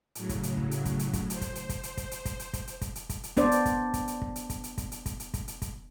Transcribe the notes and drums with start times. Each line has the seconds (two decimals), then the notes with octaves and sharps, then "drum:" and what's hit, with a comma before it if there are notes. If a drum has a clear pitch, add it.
0.15 A2 C#3 F#3, drum: hi-hat
0.29 drum: kick, hi-hat
0.43 drum: hi-hat
0.57 drum: kick
0.71 drum: hi-hat
0.85 drum: kick, hi-hat
0.99 drum: hi-hat
1.13 drum: kick, hi-hat
1.30 C5, drum: hi-hat
1.41 drum: kick, hi-hat
1.55 drum: hi-hat
1.69 drum: kick, hi-hat
1.83 drum: hi-hat
1.97 drum: kick, hi-hat
2.11 drum: hi-hat
2.25 drum: kick, hi-hat
2.39 drum: hi-hat
2.53 drum: kick, hi-hat
2.67 drum: hi-hat
2.81 drum: kick, hi-hat
2.95 drum: hi-hat
3.09 drum: kick, hi-hat
3.23 drum: hi-hat
3.37 B3 D4 C5 D5, drum: kick, hi-hat
3.52 drum: hi-hat
3.66 drum: kick, hi-hat
3.94 drum: kick, hi-hat
4.08 drum: hi-hat
4.22 drum: kick
4.36 drum: hi-hat
4.50 drum: kick, hi-hat
4.64 drum: hi-hat
4.78 drum: kick, hi-hat
4.92 drum: hi-hat
5.06 drum: kick, hi-hat
5.20 drum: hi-hat
5.34 drum: kick, hi-hat
5.48 drum: hi-hat
5.62 drum: kick, hi-hat